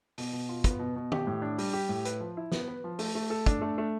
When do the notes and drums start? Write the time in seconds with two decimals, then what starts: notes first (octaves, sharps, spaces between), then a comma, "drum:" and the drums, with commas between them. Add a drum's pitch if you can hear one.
0.18 B2, drum: open hi-hat
0.33 B2
0.49 F4
0.64 B3, drum: kick, hi-hat
0.79 B2
0.96 B2
1.12 G4, drum: tom
1.27 A2
1.42 D4
1.58 G3, drum: open hi-hat
1.73 G4
1.89 A2
2.05 B4, drum: hi-hat
2.20 F3
2.37 E4
2.52 B3, drum: snare
2.68 B4
2.84 F3
2.99 A3, drum: open hi-hat
3.15 A3
3.30 A4
3.46 D4, drum: kick, hi-hat
3.62 A3
3.78 A3